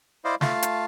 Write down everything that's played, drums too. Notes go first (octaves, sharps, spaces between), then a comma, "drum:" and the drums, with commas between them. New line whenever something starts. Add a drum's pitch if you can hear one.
E4 C5 D5 D#5 F5
A3 F4 F5 A5, drum: snare
drum: hi-hat